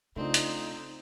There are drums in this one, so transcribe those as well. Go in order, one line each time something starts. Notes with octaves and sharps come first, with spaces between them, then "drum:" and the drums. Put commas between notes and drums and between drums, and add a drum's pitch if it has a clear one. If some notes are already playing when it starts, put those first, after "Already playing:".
C#3 A3 C4 D4 D#4 F4
drum: hi-hat